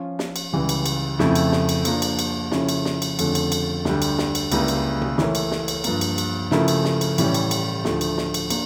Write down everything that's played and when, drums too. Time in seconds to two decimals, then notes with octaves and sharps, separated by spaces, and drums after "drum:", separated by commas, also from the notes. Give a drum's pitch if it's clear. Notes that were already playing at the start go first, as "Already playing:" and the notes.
Already playing: F3 C#4 F4
0.19 drum: snare
0.36 drum: cymbal
0.53 C#2 C#3 E3 G3
0.69 drum: cymbal
0.86 drum: cymbal
1.19 F2 C#3 F3 A3 E4, drum: snare
1.35 drum: cymbal
1.52 drum: snare
1.69 drum: cymbal
1.85 F3 A#3 D4, drum: cymbal
2.02 drum: cymbal
2.19 drum: cymbal
2.51 C#3 F3 C#4 E4 A4, drum: snare
2.69 drum: cymbal
2.85 drum: snare
3.02 drum: cymbal
3.19 F2 D3 A3 C#4, drum: cymbal
3.35 drum: cymbal
3.52 drum: cymbal
3.85 D2 D3 G3, drum: snare
4.02 drum: cymbal
4.18 drum: snare
4.35 drum: cymbal
4.52 C#2 C#3 G3 A#3 E4, drum: cymbal
4.68 drum: cymbal
5.02 drum: tom B2
5.18 E3 A3 E4 A#4 C#5, drum: snare
5.35 drum: cymbal
5.51 drum: snare
5.68 drum: cymbal
5.84 G2 F3 A#3, drum: cymbal
6.01 drum: cymbal
6.18 drum: cymbal
6.51 C#3 F3 A3 E4 A#4, drum: snare
6.68 drum: cymbal
6.85 drum: snare
7.01 drum: cymbal
7.18 A2 E3 G3 C#4, drum: cymbal
7.34 drum: cymbal
7.51 drum: cymbal
7.85 D2 D3 F3 A3, drum: snare
8.01 drum: cymbal
8.18 drum: snare
8.34 drum: cymbal
8.50 A#3 D4, drum: cymbal